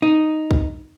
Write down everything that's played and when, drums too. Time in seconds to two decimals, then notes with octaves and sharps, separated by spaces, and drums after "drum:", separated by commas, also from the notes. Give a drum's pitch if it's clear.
0.02 D#4
0.51 drum: kick